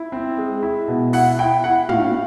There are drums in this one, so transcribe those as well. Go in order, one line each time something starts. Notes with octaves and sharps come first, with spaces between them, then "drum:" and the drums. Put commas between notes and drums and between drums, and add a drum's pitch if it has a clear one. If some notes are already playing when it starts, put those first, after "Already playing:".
Already playing: E4
C4
G#3
E4
B2
E4 F#5, drum: open hi-hat
E4 G5
E4 F#5
A2 F5, drum: tom